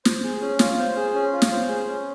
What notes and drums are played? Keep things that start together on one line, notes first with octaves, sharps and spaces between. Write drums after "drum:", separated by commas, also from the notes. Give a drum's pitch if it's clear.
C5, drum: snare
G#4
C#4
F4, drum: snare
C5
G#4
C#4
F4
drum: snare
C5
G#4
C#4